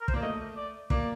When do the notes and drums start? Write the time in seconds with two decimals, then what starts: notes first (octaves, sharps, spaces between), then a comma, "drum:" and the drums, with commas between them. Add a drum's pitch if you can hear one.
0.01 A#4
0.08 C5, drum: kick
0.13 A#3 D5
0.22 A3 D#5
0.56 D5
0.90 A#3 D5, drum: kick